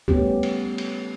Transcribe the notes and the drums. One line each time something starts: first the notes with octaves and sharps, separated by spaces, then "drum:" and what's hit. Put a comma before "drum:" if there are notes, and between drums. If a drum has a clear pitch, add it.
G3 A3 B3 C#4 G4, drum: kick
drum: cymbal
drum: cymbal